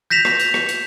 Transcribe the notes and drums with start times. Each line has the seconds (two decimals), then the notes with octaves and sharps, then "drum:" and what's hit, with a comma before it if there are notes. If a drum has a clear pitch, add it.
0.10 G6 A#6 B6 E7 F7
0.25 drum: rim click
0.40 drum: hi-hat
0.54 drum: rim click
0.69 drum: hi-hat